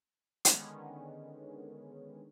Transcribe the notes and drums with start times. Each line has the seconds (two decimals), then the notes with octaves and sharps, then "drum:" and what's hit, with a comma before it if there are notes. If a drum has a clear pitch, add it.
0.45 D3 D#3 G#3 B3 C#4, drum: hi-hat